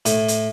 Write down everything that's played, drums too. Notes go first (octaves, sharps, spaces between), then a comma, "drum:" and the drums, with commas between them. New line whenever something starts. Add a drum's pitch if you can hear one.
A2, drum: hi-hat
drum: hi-hat